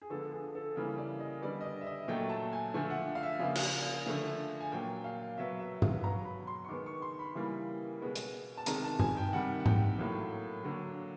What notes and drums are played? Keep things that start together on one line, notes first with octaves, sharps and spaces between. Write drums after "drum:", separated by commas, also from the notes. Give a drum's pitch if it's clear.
G#4
D3 F3 G#3 B3 A4
G#4
A4
C#3 E3 G3 A#3 A#4
D5
D#5
D3 G3 B3 D5
D#5
D5
E5
D#5
A#2 F#3 A3 G5
A5
G#5
D3 F3 A3 G#5
F#5
F5
E5
C#3 F3 A#3 F5
drum: cymbal
D3 F3 A3
G#5
A#2 F#3 A#3 G5
F5
B2 F#3 B3 E5
E5
F5, drum: tom G2
B2 F#3 B3 A#5
B5
C6
C#6
D#3 G#3 B3 D6
C#6
C6
B5
C#3 E3 G3 A#3
B2 G#3 B3
drum: hi-hat
A5
C3 D#3 G#3 A#5, drum: hi-hat
A5
G#5, drum: tom G2
G5
C3 D#3 G3 F#5
F#5
G5, drum: tom G#2
A2 F#3 A#3
D3 F#3 A#3